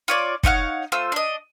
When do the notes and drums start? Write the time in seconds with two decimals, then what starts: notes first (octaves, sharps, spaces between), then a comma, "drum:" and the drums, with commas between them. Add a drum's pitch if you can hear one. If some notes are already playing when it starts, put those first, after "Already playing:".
0.08 F4 C#5 D5
0.43 D#4 C#5 F5 F#5, drum: kick
0.92 A3 F4 C5 E6
1.12 D4 D#5